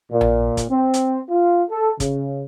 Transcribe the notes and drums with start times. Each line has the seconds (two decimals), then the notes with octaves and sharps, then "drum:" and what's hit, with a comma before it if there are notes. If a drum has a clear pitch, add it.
0.12 A#2
0.21 drum: tom A#1
0.57 drum: kick, hi-hat
0.70 C4
0.94 drum: hi-hat
1.30 F4
1.71 A4
2.00 C#3, drum: kick, hi-hat